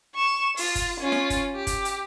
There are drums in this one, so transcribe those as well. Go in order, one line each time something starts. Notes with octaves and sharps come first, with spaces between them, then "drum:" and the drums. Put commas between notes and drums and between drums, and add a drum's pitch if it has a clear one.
C#6 E7
F4, drum: open hi-hat
drum: kick, hi-hat
C#4 F4
drum: snare
drum: kick, hi-hat
G4
drum: kick, hi-hat
drum: hi-hat